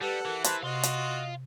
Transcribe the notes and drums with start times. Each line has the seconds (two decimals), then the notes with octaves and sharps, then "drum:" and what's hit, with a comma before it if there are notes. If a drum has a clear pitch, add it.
0.01 G3 G4 A4 B4 F#5
0.25 E3 A#4
0.44 B4 C5 A5, drum: hi-hat
0.63 C3 F#4 D#5 F5 C6
0.83 drum: hi-hat